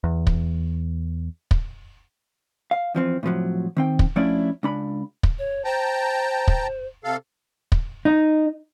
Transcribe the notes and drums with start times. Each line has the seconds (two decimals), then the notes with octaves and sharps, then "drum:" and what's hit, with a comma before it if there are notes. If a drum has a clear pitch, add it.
0.04 E2
0.27 drum: kick
1.51 drum: kick
2.71 F5
2.95 E2 F3 C4
3.23 A2 C3 F3 F#3
3.77 D#3 C4 G5
3.99 drum: kick
4.16 F3 A3 C#4 D4 E4 D5
4.63 C#2 D4 B5
5.23 drum: kick
5.39 C#5
5.65 C5 G5 A5 A#5
6.48 drum: kick
7.04 C3 A4 F5
7.72 drum: kick
8.05 D#4